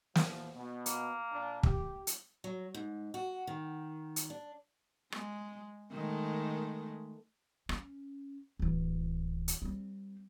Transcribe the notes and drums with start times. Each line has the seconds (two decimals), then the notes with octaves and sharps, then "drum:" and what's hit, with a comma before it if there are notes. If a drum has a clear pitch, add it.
0.15 E2 A#2 F3, drum: snare
0.54 B2
0.86 A#3, drum: hi-hat
1.32 A#2 D4
1.63 G4, drum: kick
2.07 drum: hi-hat
2.44 F#3
2.74 G#2
3.14 F#4
3.47 D#3
4.16 drum: hi-hat
4.30 D4
5.12 G#3, drum: rim click
5.92 D#3 G#3 A3
7.69 C#4, drum: rim click
8.59 D1 E3
9.48 drum: hi-hat
9.62 G3 C4